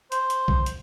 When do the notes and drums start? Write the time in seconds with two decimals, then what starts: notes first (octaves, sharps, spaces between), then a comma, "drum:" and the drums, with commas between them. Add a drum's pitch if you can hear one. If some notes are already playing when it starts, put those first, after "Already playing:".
0.12 C5, drum: hi-hat
0.30 drum: hi-hat
0.48 drum: kick B1
0.66 drum: hi-hat